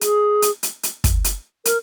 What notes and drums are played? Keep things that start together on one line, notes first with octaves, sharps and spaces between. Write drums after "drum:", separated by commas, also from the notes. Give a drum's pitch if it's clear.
G#4, drum: hi-hat
drum: hi-hat
drum: hi-hat
drum: hi-hat
drum: kick, hi-hat
drum: hi-hat
A#4, drum: hi-hat